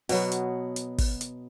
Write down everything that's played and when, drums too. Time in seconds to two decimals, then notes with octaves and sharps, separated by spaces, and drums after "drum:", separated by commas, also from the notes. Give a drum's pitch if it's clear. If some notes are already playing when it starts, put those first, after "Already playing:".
0.09 B2 F#3 B3, drum: open hi-hat
0.32 drum: hi-hat
0.76 drum: hi-hat
0.98 drum: kick, open hi-hat
1.21 drum: hi-hat